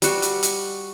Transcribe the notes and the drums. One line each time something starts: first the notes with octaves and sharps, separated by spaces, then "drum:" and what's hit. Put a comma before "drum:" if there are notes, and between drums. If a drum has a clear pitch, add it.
G3 F#4, drum: hi-hat
drum: hi-hat
drum: hi-hat